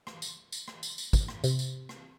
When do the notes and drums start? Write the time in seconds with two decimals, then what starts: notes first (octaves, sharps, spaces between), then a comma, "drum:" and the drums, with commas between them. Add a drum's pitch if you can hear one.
0.07 drum: rim click
0.22 drum: tambourine
0.52 drum: tambourine
0.68 drum: rim click
0.83 drum: tambourine
0.98 drum: tambourine
1.13 drum: kick, tambourine
1.28 drum: rim click
1.44 C3, drum: tambourine
1.59 drum: tambourine
1.89 drum: rim click